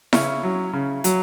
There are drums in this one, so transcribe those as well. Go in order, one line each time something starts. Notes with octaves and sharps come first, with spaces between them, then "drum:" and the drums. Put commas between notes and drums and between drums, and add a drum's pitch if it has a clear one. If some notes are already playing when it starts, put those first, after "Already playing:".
C#3 C#4 E4, drum: snare E4
F#3
C#3
F#3, drum: hi-hat